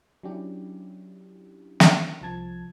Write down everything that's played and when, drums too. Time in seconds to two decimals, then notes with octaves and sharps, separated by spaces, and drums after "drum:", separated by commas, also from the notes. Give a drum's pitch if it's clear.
0.23 F#3 C#4 D4 E4 G4
1.80 drum: snare
2.21 C2 F3 A5 G#6